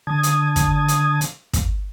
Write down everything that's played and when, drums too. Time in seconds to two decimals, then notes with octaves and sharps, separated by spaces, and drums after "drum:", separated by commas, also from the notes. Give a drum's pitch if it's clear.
0.07 D3 A5 D#6 G#6
0.23 drum: hi-hat
0.56 drum: kick, hi-hat
0.88 drum: hi-hat
1.21 drum: hi-hat
1.53 drum: kick, hi-hat